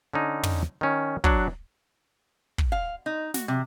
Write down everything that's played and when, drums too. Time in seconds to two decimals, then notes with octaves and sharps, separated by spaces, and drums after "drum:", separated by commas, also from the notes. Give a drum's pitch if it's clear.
0.14 D3 C#4 D#4
0.43 drum: tom
0.81 D#3 C#4
1.24 F#3 D4 F#5, drum: kick
2.58 drum: kick
2.72 F5
3.06 D#4
3.34 F#4, drum: snare
3.48 C3